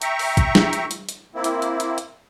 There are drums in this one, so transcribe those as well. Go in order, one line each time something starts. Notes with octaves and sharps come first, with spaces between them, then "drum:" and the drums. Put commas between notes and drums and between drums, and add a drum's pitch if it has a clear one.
E5 G5 A#5 C#6, drum: hi-hat
drum: open hi-hat
drum: kick A1, hi-hat
drum: snare
drum: hi-hat
drum: hi-hat
drum: hi-hat
A#3 C4 E4
drum: hi-hat
drum: hi-hat
drum: hi-hat
drum: hi-hat